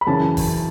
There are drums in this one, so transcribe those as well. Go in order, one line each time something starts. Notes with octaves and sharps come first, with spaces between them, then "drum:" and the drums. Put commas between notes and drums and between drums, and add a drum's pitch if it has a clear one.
B5
F#2 C#3 E3 A5
drum: kick G1, open hi-hat